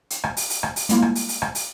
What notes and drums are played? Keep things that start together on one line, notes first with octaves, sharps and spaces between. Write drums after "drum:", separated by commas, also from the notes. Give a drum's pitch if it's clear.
drum: hi-hat
drum: rim click
drum: open hi-hat
drum: open hi-hat
drum: rim click
drum: open hi-hat
G3 G#3 A#3 E4 F4, drum: hi-hat
drum: rim click
drum: open hi-hat
drum: open hi-hat
drum: rim click
drum: open hi-hat